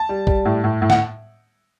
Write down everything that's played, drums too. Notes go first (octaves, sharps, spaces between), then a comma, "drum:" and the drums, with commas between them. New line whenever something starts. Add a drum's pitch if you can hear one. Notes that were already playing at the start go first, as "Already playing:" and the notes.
Already playing: A5
G3
G3, drum: kick
A2
A2
A2
F#5, drum: snare